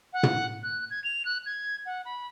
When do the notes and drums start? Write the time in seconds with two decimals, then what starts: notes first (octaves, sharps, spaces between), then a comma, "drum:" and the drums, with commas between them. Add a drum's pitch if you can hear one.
0.13 F#5
0.23 drum: tom
0.63 F#6
0.90 G#6
1.04 F7
1.25 F#6
1.46 G#6
1.86 F#5
2.05 B5